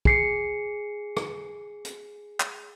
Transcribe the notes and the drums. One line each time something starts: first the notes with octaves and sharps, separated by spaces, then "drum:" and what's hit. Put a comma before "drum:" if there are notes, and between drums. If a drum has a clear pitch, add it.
G#4 C7 C#7, drum: kick
drum: rim click
drum: hi-hat
drum: clap